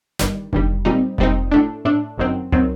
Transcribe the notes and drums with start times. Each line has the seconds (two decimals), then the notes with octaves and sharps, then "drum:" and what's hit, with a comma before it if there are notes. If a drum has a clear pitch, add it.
0.19 G1 G2 D#3 G3, drum: snare
0.53 G1 G2 D#3 G3, drum: kick F1
0.85 A#2 G3 C4 D#4
1.18 A#2 G3 C4 D#4, drum: kick F1
1.52 A2 A3 D4
1.85 A2 A3 D4
2.18 G1 F#2 D#3 F#3 C4
2.52 D#3 F#3 C4, drum: tom C2